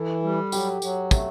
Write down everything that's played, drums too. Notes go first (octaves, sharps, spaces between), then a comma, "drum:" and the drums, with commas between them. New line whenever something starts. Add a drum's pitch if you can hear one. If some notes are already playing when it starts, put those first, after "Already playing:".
Already playing: E3 A4
G3
F#3 G4, drum: tambourine
F#3, drum: tambourine
A3, drum: kick, tambourine